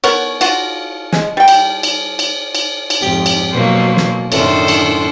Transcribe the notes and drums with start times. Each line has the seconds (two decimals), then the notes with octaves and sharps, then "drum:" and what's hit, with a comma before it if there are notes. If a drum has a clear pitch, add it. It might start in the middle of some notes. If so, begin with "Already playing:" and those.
0.04 B3 A#4 C#5, drum: cymbal
0.41 F4 F#4, drum: cymbal
1.13 G#3, drum: snare
1.37 G3 G5
1.48 drum: cymbal
1.83 drum: cymbal
2.19 drum: cymbal
2.55 drum: cymbal
2.90 drum: cymbal
3.02 F2 G#2 G4
3.26 drum: cymbal
3.53 B2 F#3 A#3 C5
3.97 drum: snare
4.32 F#2 A2 D#3 D4 A4 C5, drum: cymbal
4.68 drum: cymbal